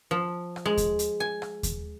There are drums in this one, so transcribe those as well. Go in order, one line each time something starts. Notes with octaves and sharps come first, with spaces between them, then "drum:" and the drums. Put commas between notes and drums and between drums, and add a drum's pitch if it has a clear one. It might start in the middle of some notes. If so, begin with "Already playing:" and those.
F3
drum: rim click
G#3
drum: kick D#2, hi-hat
drum: hi-hat
G#5
drum: rim click
drum: kick D#2, hi-hat